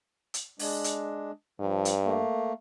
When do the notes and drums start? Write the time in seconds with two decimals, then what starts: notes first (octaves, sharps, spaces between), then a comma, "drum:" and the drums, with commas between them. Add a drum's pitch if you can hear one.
0.34 drum: hi-hat
0.59 G#3 D4, drum: open hi-hat
0.84 drum: hi-hat
1.60 G2 F3
1.85 drum: hi-hat
2.04 A3 A#3